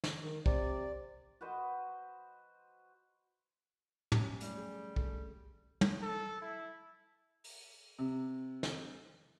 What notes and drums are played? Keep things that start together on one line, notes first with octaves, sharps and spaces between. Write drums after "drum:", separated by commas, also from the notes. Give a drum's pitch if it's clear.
drum: snare
D#3
C3 D5, drum: kick
F#4 B4 C5 D#5
F3 C#4 G4, drum: tom
F#3 G3 A3, drum: hi-hat
G#4
A4, drum: kick
drum: tom
A4
E4
drum: open hi-hat
C3
drum: snare